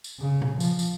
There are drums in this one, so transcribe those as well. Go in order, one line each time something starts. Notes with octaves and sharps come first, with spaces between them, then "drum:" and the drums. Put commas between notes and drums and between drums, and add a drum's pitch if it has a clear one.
drum: tambourine
C#3
drum: tom A#2
F3, drum: tambourine
drum: tambourine